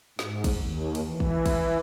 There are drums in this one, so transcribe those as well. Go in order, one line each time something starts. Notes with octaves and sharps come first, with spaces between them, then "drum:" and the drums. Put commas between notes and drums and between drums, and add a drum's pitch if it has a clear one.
G#2, drum: snare
drum: kick, cymbal
D#2
drum: cymbal
E3
drum: kick
drum: kick, cymbal